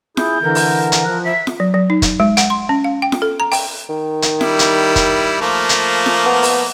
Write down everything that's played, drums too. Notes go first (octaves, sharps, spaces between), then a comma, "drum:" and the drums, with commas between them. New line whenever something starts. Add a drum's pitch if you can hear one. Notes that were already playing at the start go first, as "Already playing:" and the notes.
E4 G#4 G6, drum: snare
D3 E3 A#4
drum: open hi-hat
drum: hi-hat
F3 F#6
E5 B6
drum: snare
F#3
F#3
D#4
drum: kick, hi-hat
G#3
F#5, drum: hi-hat
C6
C#4
F5
G5
drum: snare
A4
A#5
G5, drum: open hi-hat
D#3
drum: hi-hat
G3 E4, drum: snare
drum: hi-hat
drum: kick, hi-hat
F3 A3 A#3
drum: hi-hat
drum: snare
B3
drum: open hi-hat